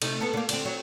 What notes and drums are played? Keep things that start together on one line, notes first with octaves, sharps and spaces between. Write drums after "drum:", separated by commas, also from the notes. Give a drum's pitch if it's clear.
C3 A3 D#4, drum: cymbal
B3 A4
D3 A#3
D3 C4, drum: cymbal
F#3